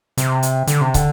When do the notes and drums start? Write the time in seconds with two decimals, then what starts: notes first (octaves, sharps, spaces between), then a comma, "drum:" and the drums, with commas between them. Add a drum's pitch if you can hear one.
0.17 C3, drum: hi-hat
0.43 drum: hi-hat
0.67 D3, drum: hi-hat
0.81 C3
0.94 D3, drum: kick, hi-hat